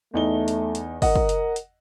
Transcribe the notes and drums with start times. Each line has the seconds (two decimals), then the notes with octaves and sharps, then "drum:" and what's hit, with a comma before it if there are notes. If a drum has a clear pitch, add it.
0.14 E2 A3 D#4 G7
0.48 drum: hi-hat
0.75 drum: hi-hat
1.02 A#4 D#5 F#5, drum: kick, open hi-hat
1.16 drum: kick
1.29 drum: hi-hat
1.56 drum: hi-hat